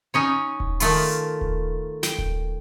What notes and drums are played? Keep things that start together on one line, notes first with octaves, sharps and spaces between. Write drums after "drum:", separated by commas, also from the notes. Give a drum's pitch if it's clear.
C#4 D#4 C#5
drum: kick D#1
D#3 A3 F4, drum: open hi-hat
drum: kick D#1
G5, drum: snare
drum: kick D#1